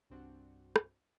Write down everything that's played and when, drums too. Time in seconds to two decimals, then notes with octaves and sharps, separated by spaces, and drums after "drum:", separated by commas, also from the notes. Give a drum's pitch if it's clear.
0.10 C2 G2 C4 D4 F#4 F#5
0.76 drum: rim click